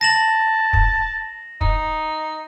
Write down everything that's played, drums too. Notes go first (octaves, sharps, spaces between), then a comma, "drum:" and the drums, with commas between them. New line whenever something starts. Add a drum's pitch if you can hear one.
A5 A#6 E7 F#7
drum: kick
D#4, drum: kick